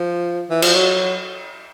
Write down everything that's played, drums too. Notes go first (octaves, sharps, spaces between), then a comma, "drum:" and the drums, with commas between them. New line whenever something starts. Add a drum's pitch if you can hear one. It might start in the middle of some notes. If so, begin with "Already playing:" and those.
Already playing: F3
E3
F3, drum: cymbal
F#3